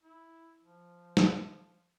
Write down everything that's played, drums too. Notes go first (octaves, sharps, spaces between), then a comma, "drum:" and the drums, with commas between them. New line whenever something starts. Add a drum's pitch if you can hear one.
E4
F3
drum: snare